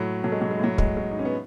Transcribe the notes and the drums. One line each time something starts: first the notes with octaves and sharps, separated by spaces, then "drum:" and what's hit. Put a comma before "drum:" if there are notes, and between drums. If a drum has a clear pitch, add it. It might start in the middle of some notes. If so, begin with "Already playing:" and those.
Already playing: A2 F#3
F#3 A3
G#3
F#3
G#3
A2 F#3
G#3, drum: kick
G#3
D#4
C#4
B3